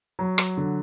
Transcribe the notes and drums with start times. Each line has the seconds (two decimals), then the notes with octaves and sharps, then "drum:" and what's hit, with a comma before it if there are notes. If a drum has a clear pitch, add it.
0.19 F#3
0.38 drum: rim click
0.57 D3